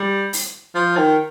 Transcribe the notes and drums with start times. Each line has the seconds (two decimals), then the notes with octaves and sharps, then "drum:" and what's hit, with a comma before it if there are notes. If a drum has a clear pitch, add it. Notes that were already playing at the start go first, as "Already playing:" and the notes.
Already playing: G3
0.33 drum: open hi-hat
0.75 F3
0.97 D#3